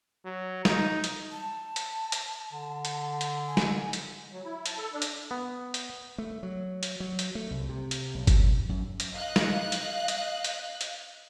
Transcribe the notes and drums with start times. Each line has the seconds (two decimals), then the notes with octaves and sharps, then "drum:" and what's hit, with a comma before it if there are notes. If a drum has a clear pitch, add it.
0.25 F#3
0.65 D#4, drum: snare
1.04 drum: hi-hat
1.31 A5
1.76 drum: hi-hat
2.12 drum: hi-hat
2.53 D3
2.85 drum: hi-hat
3.21 drum: hi-hat
3.47 G#5
3.57 drum: snare
3.93 drum: hi-hat
4.33 F#3
4.45 E4
4.66 A5, drum: hi-hat
4.78 A4
4.93 D4
5.02 drum: hi-hat
5.31 B3
5.74 drum: hi-hat
6.18 A3
6.43 F#3
6.83 drum: hi-hat
7.00 F#3
7.19 drum: hi-hat
7.35 A3
7.51 C2
7.69 C3
7.91 drum: hi-hat
8.14 B1
8.27 drum: kick G1, hi-hat
8.69 F#2
9.00 drum: hi-hat
9.13 D#5 F5 F#6
9.36 drum: snare
9.72 drum: hi-hat
10.08 drum: hi-hat
10.44 drum: hi-hat
10.81 drum: hi-hat